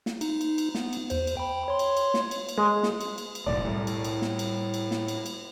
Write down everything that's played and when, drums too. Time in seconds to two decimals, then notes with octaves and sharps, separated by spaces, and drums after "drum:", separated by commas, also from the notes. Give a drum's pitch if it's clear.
0.06 drum: snare
0.21 D#4, drum: cymbal
0.41 drum: cymbal
0.58 drum: cymbal
0.75 B3, drum: snare
0.93 drum: cymbal
1.10 E2 C5, drum: cymbal
1.27 drum: cymbal
1.37 G5 B5
1.68 C#5 C6
1.79 drum: cymbal
1.97 drum: cymbal
2.14 drum: snare
2.31 drum: cymbal
2.49 drum: cymbal
2.58 G#3
2.83 drum: snare
3.01 drum: cymbal
3.18 drum: cymbal
3.35 drum: cymbal
3.46 E1 B1 A2 D5
3.65 C2 A2
3.87 drum: cymbal
4.04 drum: cymbal
4.22 drum: snare
4.39 drum: cymbal
4.74 drum: cymbal
4.91 drum: snare
5.08 drum: cymbal
5.26 drum: cymbal